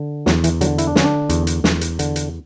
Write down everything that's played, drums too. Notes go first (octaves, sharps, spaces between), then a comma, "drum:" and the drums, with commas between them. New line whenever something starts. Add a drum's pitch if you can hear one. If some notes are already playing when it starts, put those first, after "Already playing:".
Already playing: D3
E2 F#3, drum: snare
E3, drum: hi-hat
D3 F#3, drum: hi-hat
E4, drum: hi-hat
D4
D3 C#4, drum: snare
D4
E2, drum: hi-hat
drum: hi-hat
E2, drum: snare
drum: hi-hat
D3, drum: hi-hat
drum: hi-hat